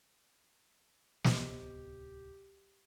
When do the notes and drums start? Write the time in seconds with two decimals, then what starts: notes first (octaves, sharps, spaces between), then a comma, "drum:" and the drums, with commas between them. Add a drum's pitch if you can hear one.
1.24 D1 C2 F#3 B3 G4 C5 D#5, drum: snare